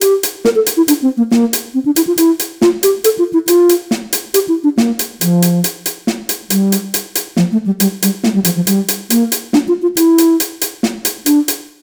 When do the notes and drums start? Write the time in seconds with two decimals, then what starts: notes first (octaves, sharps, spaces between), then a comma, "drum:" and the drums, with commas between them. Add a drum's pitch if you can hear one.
0.01 G4, drum: hi-hat
0.23 drum: hi-hat
0.45 A#4, drum: snare
0.55 A4
0.66 drum: hi-hat
0.77 E4
0.88 D4, drum: hi-hat
1.02 C4
1.17 A#3
1.31 A#3, drum: snare
1.53 drum: hi-hat
1.74 C4
1.85 D4
1.96 E4, drum: hi-hat
2.07 F4
2.18 E4, drum: hi-hat
2.39 drum: hi-hat
2.62 F4, drum: snare
2.83 G4, drum: hi-hat
3.04 A4, drum: hi-hat
3.19 F4
3.33 E4
3.48 F4, drum: hi-hat
3.69 drum: hi-hat
3.91 drum: snare
4.13 drum: hi-hat
4.34 G4, drum: hi-hat
4.48 E4
4.64 D4
4.78 A#3, drum: snare
4.99 drum: hi-hat
5.21 F3, drum: hi-hat
5.42 drum: hi-hat
5.64 drum: hi-hat
5.86 drum: hi-hat
6.07 drum: snare
6.29 drum: hi-hat
6.50 G3, drum: hi-hat
6.72 drum: hi-hat
6.94 drum: hi-hat
7.15 drum: hi-hat
7.37 F3, drum: snare
7.52 A3
7.66 G3
7.80 G3, drum: hi-hat
8.02 G3, drum: hi-hat
8.24 A3, drum: snare
8.34 G3
8.45 F3, drum: hi-hat
8.56 F3
8.67 G3, drum: hi-hat
8.88 drum: hi-hat
9.10 A#3, drum: hi-hat
9.32 drum: hi-hat
9.53 D4, drum: snare
9.68 F4
9.82 F4
9.97 E4, drum: hi-hat
10.18 drum: hi-hat
10.40 drum: hi-hat
10.61 drum: hi-hat
10.83 drum: snare
11.05 drum: hi-hat
11.26 D4, drum: hi-hat
11.48 drum: hi-hat